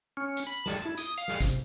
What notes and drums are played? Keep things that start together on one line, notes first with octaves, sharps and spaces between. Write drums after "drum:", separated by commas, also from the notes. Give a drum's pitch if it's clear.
C#4
drum: hi-hat
B5
A5, drum: snare
E4
D#6, drum: hi-hat
F5
drum: snare
C3, drum: kick G#1, hi-hat